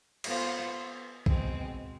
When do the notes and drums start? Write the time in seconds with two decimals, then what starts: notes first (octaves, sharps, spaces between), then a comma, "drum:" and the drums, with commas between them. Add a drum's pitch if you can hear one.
0.24 B3 F4 C5, drum: cymbal
1.26 B2 G#3 C4, drum: kick